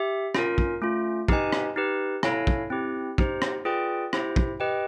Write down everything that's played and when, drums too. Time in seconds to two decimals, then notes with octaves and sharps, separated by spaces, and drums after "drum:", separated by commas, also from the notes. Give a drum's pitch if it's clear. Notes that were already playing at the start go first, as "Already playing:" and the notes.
Already playing: G4 E5
0.35 C#4 F4 A#4, drum: rim click
0.58 drum: kick
0.82 A3 C#4 F4
1.28 D#4 G4 B4 D#5 G#5, drum: kick
1.52 drum: rim click
1.76 D#4 G4 B4
2.23 E4 A4 C#5 F5 G#5, drum: rim click
2.47 drum: kick
2.70 C4 E4 G4
3.18 D#4 G4 C5, drum: kick
3.42 drum: rim click
3.65 F4 G#4 B4 D5 G5
4.13 E4 G4 C5 E5, drum: rim click
4.36 drum: kick
4.60 G4 B4 D#5 G5